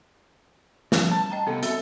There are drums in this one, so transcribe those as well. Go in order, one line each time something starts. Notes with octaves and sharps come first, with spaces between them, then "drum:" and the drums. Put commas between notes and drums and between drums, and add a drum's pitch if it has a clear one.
F3 G3 A3 C#4, drum: snare
A5
D#5 G5 A#5
C3 B3 A4
C4 F#4 A4 E5, drum: hi-hat